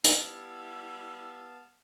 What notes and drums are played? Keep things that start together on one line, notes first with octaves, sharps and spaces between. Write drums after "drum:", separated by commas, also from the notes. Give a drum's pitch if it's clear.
G3 B3 E4 F5 A5 E6, drum: hi-hat